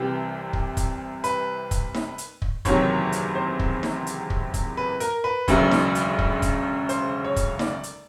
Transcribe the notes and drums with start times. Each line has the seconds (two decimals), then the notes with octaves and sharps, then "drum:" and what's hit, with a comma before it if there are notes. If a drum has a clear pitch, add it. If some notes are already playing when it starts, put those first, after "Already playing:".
Already playing: C2 C3 E3 G4
0.53 drum: kick
0.77 drum: kick, hi-hat
1.24 B4, drum: hi-hat
1.71 drum: kick, hi-hat
1.95 drum: snare D#4
2.18 drum: hi-hat
2.42 drum: kick
2.65 F#1 E2 C3 D#3 F#3 C#5, drum: kick, hi-hat
3.12 drum: hi-hat
3.35 C5
3.59 drum: kick
3.83 drum: snare D#4
4.07 drum: hi-hat
4.30 drum: kick
4.54 drum: kick, hi-hat
4.77 B4
5.00 A#4, drum: hi-hat
5.24 B4
5.48 E1 D2 C#3 F#3 A3, drum: kick, hi-hat
5.71 drum: snare D#4
5.95 drum: hi-hat
6.19 drum: kick
6.42 drum: kick, hi-hat
6.89 C5, drum: hi-hat
7.24 C#5
7.36 drum: kick, hi-hat
7.59 D5, drum: snare D#4
7.83 drum: hi-hat